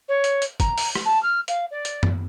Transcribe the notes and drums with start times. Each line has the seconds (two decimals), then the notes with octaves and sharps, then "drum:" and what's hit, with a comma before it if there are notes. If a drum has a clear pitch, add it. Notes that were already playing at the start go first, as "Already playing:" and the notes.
0.08 C#5
0.24 drum: hi-hat
0.42 drum: hi-hat
0.60 A#5, drum: kick, hi-hat
0.78 drum: open hi-hat
0.95 drum: rim click
1.05 A5
1.22 F6
1.48 F5, drum: hi-hat
1.71 D5
1.85 drum: hi-hat
2.03 drum: tom F#2